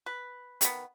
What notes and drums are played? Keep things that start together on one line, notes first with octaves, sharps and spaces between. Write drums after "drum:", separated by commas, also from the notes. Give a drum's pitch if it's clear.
B4
D#3 B3, drum: hi-hat